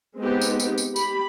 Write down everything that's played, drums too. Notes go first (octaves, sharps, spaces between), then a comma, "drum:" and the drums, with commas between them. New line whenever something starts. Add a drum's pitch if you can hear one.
G#3 B3 C4 D#4 G4
drum: tambourine
drum: tambourine
drum: tambourine
G4 B5, drum: tambourine